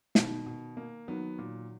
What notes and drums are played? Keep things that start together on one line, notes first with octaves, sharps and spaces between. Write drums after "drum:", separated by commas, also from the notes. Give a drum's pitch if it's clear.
B2 D#3, drum: snare
B2
A#3
D#3 F#3 B3
A#2